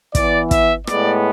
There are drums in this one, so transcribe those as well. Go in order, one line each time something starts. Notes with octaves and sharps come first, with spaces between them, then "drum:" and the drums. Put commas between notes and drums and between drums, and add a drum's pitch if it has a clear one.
E3 B3 D5, drum: kick, hi-hat
E5, drum: kick, hi-hat
A2 G#3 B3 D5, drum: rim click